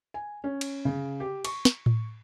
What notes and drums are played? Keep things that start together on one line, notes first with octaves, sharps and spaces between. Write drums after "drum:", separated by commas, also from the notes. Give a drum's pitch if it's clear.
G#5
C#4
drum: cymbal
C#3
G4
C#6, drum: cymbal
drum: snare
drum: tom A2